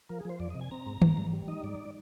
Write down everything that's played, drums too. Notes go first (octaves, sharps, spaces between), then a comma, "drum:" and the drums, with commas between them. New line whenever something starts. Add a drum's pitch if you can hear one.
F3 A#4
G#4
F3 C5
F2 D5
D#5
C3
G#5
C4 A#5
G#2
G#2, drum: tom D#3
G#2
G3
D#4 D#5
G#2 D5